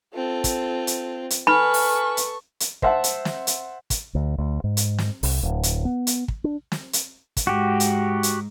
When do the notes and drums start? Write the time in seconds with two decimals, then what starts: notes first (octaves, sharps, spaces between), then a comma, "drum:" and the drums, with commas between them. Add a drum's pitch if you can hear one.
0.15 C4 F4 A4
0.44 drum: kick, hi-hat
0.87 drum: hi-hat
1.30 drum: hi-hat
1.47 A4 B4 G#5 B5 C#6 F6
1.74 drum: open hi-hat
2.17 drum: hi-hat
2.60 drum: hi-hat
2.82 C5 E5 F#5 A5, drum: kick
3.04 drum: hi-hat
3.25 drum: snare
3.47 drum: hi-hat
3.90 drum: kick, hi-hat
4.15 D2
4.38 D2
4.64 G#2
4.77 drum: hi-hat
4.98 drum: snare
5.23 C2, drum: open hi-hat
5.43 D1
5.63 drum: hi-hat
5.85 B3
6.07 drum: hi-hat
6.28 drum: kick
6.44 D4
6.72 drum: snare
6.93 drum: hi-hat
7.37 drum: kick, hi-hat
7.47 G#2 F#4 G4
7.80 drum: hi-hat
8.23 drum: hi-hat